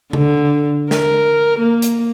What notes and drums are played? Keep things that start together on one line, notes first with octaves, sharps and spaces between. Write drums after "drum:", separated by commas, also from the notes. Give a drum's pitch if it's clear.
D3, drum: tom C#3
A#4, drum: snare
A#3
drum: hi-hat